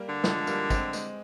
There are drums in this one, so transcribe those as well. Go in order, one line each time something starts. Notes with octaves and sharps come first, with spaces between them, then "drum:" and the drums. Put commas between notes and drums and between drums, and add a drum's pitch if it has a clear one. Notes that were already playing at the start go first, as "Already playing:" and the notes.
Already playing: G3 A#3
D3
F3 G#3, drum: snare
G3 A#3, drum: tambourine
G#3 C4, drum: kick, tambourine
G#3 C4, drum: tambourine